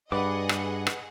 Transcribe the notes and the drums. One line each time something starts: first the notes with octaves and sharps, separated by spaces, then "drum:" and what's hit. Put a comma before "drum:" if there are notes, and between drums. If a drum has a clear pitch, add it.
G2 G#4 B4 D5 D#5 F#5 B5 D6
drum: rim click
drum: rim click